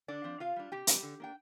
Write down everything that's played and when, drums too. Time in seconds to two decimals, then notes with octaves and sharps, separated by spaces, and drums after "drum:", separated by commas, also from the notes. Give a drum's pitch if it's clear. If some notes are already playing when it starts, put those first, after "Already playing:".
0.08 D3 D4 D5
0.24 F3 C4
0.40 C3 F4 F5
0.56 G3 D4
0.72 C3 G4 G5
0.87 G3 C4, drum: hi-hat
1.03 D3
1.20 A#3 D4 G5